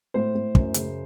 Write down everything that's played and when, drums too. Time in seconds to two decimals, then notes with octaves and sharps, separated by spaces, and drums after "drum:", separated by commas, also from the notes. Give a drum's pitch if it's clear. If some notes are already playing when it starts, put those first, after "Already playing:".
0.14 A2 C5
0.35 A2
0.55 F#2, drum: kick
0.74 C#3, drum: hi-hat